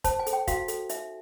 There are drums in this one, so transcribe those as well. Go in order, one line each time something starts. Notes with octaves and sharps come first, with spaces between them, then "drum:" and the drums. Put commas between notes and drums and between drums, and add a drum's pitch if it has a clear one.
C5 A5, drum: kick F1, hi-hat
G#5
A4, drum: hi-hat
G5
F#4 F5, drum: kick F1, hi-hat
A4, drum: hi-hat
D#4 E5, drum: hi-hat